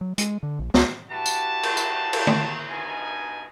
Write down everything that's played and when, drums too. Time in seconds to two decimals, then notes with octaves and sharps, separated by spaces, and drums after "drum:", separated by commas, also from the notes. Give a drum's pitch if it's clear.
0.01 F#3
0.18 G#3, drum: hi-hat
0.43 D3
0.59 A#1
0.74 C#2, drum: snare
1.11 E3 F#4 G4 A5
1.26 drum: tambourine
1.63 drum: cymbal
1.77 drum: tambourine
2.13 drum: cymbal
2.27 drum: tom
2.70 G2 B2 D#4 G#5